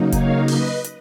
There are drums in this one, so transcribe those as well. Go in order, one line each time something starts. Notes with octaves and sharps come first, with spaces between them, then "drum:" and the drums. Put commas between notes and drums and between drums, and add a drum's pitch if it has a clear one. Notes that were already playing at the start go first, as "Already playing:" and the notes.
Already playing: C#3 F#3 A#3 D#4
C#5 F5, drum: kick F1, hi-hat
B4 D#5, drum: open hi-hat
drum: hi-hat